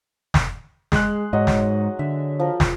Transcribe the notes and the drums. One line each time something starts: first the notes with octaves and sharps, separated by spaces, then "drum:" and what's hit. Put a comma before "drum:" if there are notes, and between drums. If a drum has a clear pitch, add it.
drum: snare
G#3 G#4 C6 F#6, drum: snare
G#2 F#3 D#4 D#5 F#5
drum: snare
D3 E5
F3 A#4
drum: snare